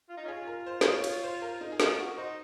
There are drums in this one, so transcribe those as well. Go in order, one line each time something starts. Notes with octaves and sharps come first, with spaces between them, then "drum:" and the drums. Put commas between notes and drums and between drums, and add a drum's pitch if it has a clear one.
F4
D#4
C#4 F4 G#4
A#4
C5
C5, drum: snare
C#5
C#5, drum: cymbal
C5
A#4
D#4
G#4
F4 A#4, drum: snare
F#4
D#4 C5